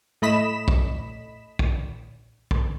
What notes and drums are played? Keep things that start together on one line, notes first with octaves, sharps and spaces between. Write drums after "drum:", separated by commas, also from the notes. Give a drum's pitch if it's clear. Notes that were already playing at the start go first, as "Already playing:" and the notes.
A2 A3 D#5 B5 B6 E7
drum: kick
drum: kick
drum: kick